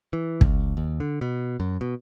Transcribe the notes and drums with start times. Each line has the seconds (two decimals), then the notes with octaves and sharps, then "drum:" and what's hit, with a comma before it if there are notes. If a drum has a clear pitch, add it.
0.13 E3
0.41 C#2, drum: kick
0.77 D#2
1.00 D3
1.21 B2
1.60 F#2
1.81 B2